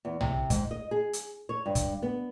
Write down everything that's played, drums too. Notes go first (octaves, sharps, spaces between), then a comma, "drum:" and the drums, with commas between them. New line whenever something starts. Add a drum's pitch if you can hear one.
E2
C3, drum: tom
G#2, drum: kick, hi-hat
D#5
G#4
drum: hi-hat
C#5
G2
drum: kick, hi-hat
B3